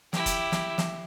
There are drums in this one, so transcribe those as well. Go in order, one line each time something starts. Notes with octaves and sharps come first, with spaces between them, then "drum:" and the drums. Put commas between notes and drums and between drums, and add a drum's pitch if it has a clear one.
E4 G4, drum: snare
drum: kick F1, hi-hat
drum: snare
drum: snare